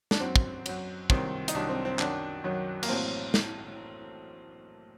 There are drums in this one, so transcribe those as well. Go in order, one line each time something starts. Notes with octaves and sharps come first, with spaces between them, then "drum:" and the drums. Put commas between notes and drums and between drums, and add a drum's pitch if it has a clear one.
D4, drum: snare
F#2 F#3 C4
drum: kick
F#2 F#3, drum: cymbal
C2 C3 D#3 F#3 C4, drum: kick
D#4, drum: hi-hat
C2 C3 D#3 F#3 D4
C4
C4
F#2 D#3 F#3 D4, drum: clap
F#2 D#3 F#3
A#3, drum: cymbal
A1 A2 F#3 C4
drum: snare